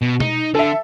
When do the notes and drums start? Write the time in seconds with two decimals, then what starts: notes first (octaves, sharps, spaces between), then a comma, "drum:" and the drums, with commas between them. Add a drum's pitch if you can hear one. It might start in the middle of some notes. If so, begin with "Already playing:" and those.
0.02 B2
0.20 D#4, drum: tom B2
0.55 D3 A4 E5